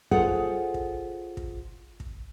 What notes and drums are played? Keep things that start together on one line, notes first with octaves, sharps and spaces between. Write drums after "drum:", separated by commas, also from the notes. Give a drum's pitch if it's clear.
F4 G#4 A4 C5 C#5 F#5, drum: kick
drum: kick
drum: kick
drum: kick